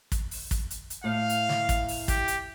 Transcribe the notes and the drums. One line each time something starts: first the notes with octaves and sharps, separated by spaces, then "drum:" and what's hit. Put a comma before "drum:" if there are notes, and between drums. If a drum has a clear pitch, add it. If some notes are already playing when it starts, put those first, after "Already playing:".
drum: kick, hi-hat
drum: open hi-hat
drum: kick, hi-hat
drum: hi-hat
drum: hi-hat
A2 F5
drum: hi-hat
drum: snare
drum: kick, hi-hat
drum: open hi-hat
G4, drum: kick, hi-hat
drum: hi-hat